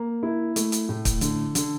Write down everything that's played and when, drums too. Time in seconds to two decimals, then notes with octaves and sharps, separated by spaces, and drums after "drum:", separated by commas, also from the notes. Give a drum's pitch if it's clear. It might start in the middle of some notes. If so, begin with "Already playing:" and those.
Already playing: A#3
0.23 E4
0.56 A3, drum: hi-hat
0.72 drum: hi-hat
0.89 A2
1.05 drum: kick, hi-hat
1.21 D3, drum: hi-hat
1.55 D3, drum: hi-hat